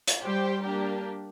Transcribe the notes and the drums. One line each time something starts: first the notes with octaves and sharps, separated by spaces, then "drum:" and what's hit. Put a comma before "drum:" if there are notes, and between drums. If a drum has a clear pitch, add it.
drum: hi-hat
G3 G4 C5 G5
A#3 D4 G4 A#4